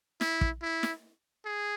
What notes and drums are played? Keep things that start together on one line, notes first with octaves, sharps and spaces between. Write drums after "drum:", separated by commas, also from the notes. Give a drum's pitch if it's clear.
E4, drum: snare
drum: kick
E4
drum: snare
G#4